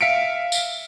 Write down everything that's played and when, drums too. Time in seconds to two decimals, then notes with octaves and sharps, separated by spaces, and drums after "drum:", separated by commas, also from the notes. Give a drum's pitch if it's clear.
0.01 E5 F5 B6 C#7 D7
0.52 drum: tambourine